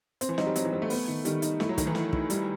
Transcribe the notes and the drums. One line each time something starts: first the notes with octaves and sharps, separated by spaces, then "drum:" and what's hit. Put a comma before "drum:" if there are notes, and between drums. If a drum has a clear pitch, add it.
C4, drum: hi-hat
E3
F#3 D#4, drum: snare
G3
F#3 C4, drum: hi-hat
E3
G3 C4
A3
B3, drum: open hi-hat
D#3
D#3 G3, drum: hi-hat
D#4, drum: hi-hat
A3 E4, drum: snare
F#3
D#3 A3, drum: kick, hi-hat
E3
E4, drum: snare
E4, drum: kick
G3, drum: hi-hat